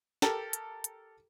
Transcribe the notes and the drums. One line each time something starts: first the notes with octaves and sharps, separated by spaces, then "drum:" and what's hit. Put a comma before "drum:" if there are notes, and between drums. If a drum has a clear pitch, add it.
G4 A4 A#4, drum: snare
drum: hi-hat
drum: hi-hat